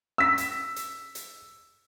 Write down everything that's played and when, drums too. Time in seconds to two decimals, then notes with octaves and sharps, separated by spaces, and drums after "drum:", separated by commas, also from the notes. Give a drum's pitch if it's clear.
0.18 E6 B6
0.38 drum: hi-hat
0.76 drum: hi-hat
1.15 drum: hi-hat